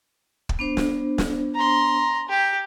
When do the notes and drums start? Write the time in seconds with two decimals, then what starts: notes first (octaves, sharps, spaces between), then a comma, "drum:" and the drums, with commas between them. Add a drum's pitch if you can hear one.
0.49 drum: kick
0.59 B3 D4 C5
0.77 drum: snare
1.18 drum: snare
1.55 A#5 C6
2.29 G4